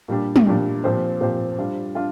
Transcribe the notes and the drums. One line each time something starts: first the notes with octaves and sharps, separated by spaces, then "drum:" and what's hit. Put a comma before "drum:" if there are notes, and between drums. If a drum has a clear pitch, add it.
A#2 G3 D4 G4
drum: tom
A#2 G3 D4 G4
A#2 F3 C4 G4 C5
A#2 F3 C4 G4 C5
G3 D4 F4
D4 F4